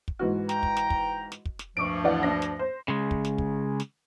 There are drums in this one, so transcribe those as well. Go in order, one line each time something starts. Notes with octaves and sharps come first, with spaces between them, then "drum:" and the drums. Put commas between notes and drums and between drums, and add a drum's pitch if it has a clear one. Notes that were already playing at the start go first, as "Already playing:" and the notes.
drum: kick
G#2 E3 F#4
G5 A#5, drum: snare
drum: kick
drum: snare
drum: kick
drum: snare
drum: kick
drum: snare
D2 G2 F3 C#6 D6 D7
E3 D5 F#5
D4 A#6
drum: snare
C5
C#3 G#3
drum: kick
drum: snare
drum: kick
drum: snare